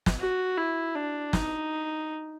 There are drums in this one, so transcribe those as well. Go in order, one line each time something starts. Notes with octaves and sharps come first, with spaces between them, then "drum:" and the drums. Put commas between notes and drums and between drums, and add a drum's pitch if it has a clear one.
drum: snare
F#4
E4
D4
D#4, drum: snare